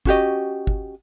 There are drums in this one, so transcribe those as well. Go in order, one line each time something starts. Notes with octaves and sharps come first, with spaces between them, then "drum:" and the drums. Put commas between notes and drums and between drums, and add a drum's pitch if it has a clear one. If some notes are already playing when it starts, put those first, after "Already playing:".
C#4 F#4 G4 D#5, drum: kick
drum: kick